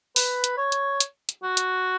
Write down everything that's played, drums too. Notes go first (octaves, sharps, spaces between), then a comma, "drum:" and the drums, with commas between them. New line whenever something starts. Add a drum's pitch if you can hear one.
B4, drum: open hi-hat
drum: hi-hat
C#5
drum: hi-hat
drum: hi-hat
drum: hi-hat
F#4
drum: hi-hat